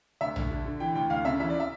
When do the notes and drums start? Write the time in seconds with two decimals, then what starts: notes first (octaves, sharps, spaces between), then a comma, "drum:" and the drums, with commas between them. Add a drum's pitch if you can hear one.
0.21 D2 E5
0.36 D2, drum: tom A#1
0.51 D3
0.66 D3
0.80 E3 G5
0.95 D2 G5
1.10 D2 F5
1.25 C#3 E5
1.40 E3 E5
1.50 D5
1.60 E5